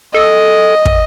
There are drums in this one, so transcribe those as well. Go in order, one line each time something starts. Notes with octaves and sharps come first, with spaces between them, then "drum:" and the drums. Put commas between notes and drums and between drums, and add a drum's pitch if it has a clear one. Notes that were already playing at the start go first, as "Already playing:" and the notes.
A4 D#5
drum: kick